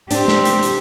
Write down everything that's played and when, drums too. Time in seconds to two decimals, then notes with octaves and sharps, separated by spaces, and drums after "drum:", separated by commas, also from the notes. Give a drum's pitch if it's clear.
0.11 C4 D4 G4, drum: hi-hat
0.28 drum: snare
0.45 drum: hi-hat
0.63 drum: hi-hat